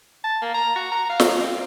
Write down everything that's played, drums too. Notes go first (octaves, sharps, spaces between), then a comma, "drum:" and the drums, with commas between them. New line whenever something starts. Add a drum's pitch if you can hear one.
A5
A#3
A#5
F#4
A#5
F5
drum: snare
C4